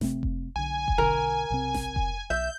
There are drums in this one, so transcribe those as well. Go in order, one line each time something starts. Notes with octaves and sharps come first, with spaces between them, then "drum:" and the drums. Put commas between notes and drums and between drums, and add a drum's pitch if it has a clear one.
C3 A3 C4, drum: snare G1
drum: kick F1
B1 D3 G#5
drum: kick F1
B1 B2 D3 A#4
B1 C3 C4
drum: snare G1
drum: kick F1
B1 E5 G6